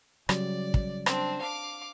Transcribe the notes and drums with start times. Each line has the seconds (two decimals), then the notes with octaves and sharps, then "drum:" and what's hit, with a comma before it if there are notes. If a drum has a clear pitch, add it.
0.29 C#3 F#3 G3 D5, drum: rim click
0.74 drum: kick
1.06 C4 D4, drum: rim click
1.42 F5 D6